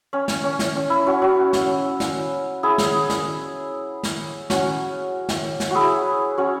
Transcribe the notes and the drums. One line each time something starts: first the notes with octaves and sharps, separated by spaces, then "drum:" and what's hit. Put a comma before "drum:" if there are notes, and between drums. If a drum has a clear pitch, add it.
C#4
drum: snare
C#4
drum: snare
C#4
E4
C#4 F#4
C#4 F#4
drum: snare
drum: snare
E4 G#4
drum: snare
drum: snare
drum: snare
C#4 F#4, drum: snare
drum: snare
drum: snare
E4 F#4 G#4
C#4 F#4